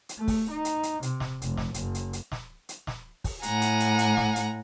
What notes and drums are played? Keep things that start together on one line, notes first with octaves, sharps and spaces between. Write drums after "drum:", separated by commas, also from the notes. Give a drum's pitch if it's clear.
drum: hi-hat
A3
drum: kick, open hi-hat
D#4
drum: hi-hat
drum: hi-hat
C3, drum: hi-hat
drum: snare
F1, drum: hi-hat
drum: snare
F#1, drum: hi-hat
drum: hi-hat
drum: hi-hat
drum: snare
drum: hi-hat
drum: snare
drum: kick, open hi-hat
A2 F#5 G#5 A#5, drum: hi-hat
drum: hi-hat
drum: hi-hat
drum: hi-hat
drum: snare
drum: hi-hat